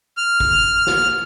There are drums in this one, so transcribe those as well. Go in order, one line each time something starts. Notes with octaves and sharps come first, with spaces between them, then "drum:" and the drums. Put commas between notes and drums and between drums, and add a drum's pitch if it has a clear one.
F6
drum: kick
drum: snare